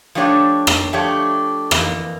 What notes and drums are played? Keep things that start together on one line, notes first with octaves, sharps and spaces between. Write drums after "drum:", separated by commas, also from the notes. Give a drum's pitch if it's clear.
F3 A3 D4 G4 C#5
drum: rim click
F3 A3 D4 G4 C#5
F2 E3 A#3, drum: rim click